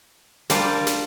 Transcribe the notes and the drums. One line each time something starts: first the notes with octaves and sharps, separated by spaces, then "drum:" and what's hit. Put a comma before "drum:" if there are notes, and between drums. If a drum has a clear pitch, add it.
G3 D4 F4 A#4, drum: snare
drum: snare